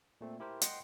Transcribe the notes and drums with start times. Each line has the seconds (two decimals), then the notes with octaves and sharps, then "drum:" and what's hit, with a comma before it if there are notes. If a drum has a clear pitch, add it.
0.21 A#2 A3 C4
0.40 E4 G4 A#4 C5
0.61 D#5 F#5 G5 C6 C7 C#7, drum: hi-hat